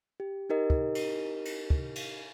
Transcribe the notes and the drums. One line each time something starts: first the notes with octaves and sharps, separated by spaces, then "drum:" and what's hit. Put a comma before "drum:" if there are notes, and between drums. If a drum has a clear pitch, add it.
G4
D#4 G4 A#4 D#5
drum: kick
drum: cymbal
drum: cymbal
drum: kick
drum: cymbal